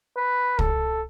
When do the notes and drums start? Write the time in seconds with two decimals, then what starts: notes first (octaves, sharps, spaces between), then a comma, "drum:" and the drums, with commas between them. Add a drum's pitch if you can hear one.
0.17 B4
0.59 A4, drum: kick